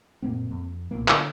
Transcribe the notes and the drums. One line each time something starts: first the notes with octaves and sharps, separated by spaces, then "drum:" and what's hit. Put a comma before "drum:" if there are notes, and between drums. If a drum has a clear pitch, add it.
F#2 A#2 A#3 C4
F2
B1 G2 A#2 A#3
D3, drum: clap